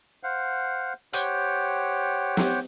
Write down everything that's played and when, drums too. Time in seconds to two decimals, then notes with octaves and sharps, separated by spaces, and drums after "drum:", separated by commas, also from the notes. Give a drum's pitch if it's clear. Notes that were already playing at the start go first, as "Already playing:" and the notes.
0.23 C5 F5 F#5
1.13 G4 C5 C#5 F#5 G5, drum: hi-hat
2.37 drum: snare